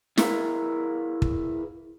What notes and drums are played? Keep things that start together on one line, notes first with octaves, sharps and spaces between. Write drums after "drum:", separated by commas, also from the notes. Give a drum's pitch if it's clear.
E4 G#4 A#4 B4 F5, drum: snare
drum: kick